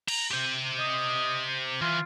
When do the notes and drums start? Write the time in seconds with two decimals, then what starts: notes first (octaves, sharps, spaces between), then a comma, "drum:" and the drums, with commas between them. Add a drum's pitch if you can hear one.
0.08 A#5, drum: cymbal
0.31 G4 C5
0.79 D#5
1.81 E3 F4